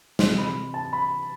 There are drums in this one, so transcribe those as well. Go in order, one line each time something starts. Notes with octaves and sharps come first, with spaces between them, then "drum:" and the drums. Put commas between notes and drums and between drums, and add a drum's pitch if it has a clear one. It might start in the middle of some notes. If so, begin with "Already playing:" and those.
C3 E3 C6, drum: snare
B5
A5
B5